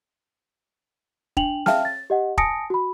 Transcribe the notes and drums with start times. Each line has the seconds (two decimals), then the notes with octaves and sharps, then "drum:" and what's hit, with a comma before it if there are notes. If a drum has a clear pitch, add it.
1.37 D4 G5 F7 F#7, drum: kick E1
1.66 E5 F5 G5 A5 F6, drum: snare
1.85 A6
2.10 G4 D#5 F#5
2.38 G#5 A5 D#6 A#6 C#7 D7, drum: kick E1
2.70 F#4 B5